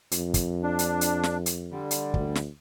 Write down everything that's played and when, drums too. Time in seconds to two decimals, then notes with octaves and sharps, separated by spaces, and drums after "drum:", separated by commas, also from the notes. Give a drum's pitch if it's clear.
0.11 F2, drum: hi-hat
0.34 drum: kick, hi-hat
0.63 D4
0.79 drum: hi-hat
1.01 drum: hi-hat
1.23 drum: snare
1.46 drum: hi-hat
1.71 D3 G3
1.91 drum: hi-hat
2.14 D2, drum: kick
2.35 drum: snare